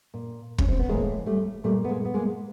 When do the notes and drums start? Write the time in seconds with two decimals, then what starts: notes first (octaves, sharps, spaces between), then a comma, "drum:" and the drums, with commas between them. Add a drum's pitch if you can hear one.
0.14 A#2
0.58 C#4, drum: kick
0.68 C4
0.79 B3
0.89 A2 E3 G#3 A#3
1.26 G3 A3
1.64 A#2 G3 A3
1.85 B3
1.89 G#3 A#3
2.05 B3
2.14 G#3 A#3